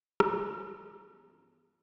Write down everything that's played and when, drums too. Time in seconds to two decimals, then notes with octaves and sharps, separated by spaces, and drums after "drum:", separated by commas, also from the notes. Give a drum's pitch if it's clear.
0.20 G2 E3 B3 C#4 F4, drum: rim click